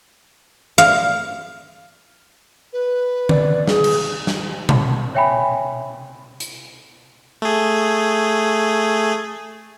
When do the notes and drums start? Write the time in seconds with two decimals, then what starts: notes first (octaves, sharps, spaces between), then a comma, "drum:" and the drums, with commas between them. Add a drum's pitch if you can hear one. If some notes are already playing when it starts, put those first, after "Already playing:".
0.78 F5
2.73 B4
3.29 D5, drum: tom D3
3.68 G#4, drum: snare
3.84 drum: cymbal
4.27 drum: snare
4.69 drum: tom B2
5.15 C#5 E5 G5 G#5 B5
6.40 drum: hi-hat
7.42 A3 G#4